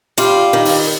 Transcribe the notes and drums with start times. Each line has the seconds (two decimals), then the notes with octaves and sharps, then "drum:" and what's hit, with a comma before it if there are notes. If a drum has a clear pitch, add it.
0.18 G3 F4, drum: hi-hat
0.53 D#3
0.65 drum: open hi-hat